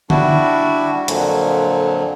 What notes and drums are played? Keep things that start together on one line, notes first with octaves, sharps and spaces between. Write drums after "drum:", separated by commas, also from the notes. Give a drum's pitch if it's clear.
G3 D4 E4 F#4, drum: tom D3
F2 A#2 D3 F3 F#3, drum: hi-hat